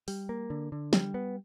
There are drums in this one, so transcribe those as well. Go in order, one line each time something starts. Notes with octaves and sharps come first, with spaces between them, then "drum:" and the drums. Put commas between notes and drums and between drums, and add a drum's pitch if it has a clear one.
G3, drum: open hi-hat
A#3
D3
D3
G3, drum: snare
B3